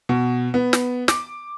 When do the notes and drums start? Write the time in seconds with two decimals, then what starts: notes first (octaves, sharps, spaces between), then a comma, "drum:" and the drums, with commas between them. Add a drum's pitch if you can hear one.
0.09 B2
0.54 B3
0.73 drum: snare
1.08 D6, drum: snare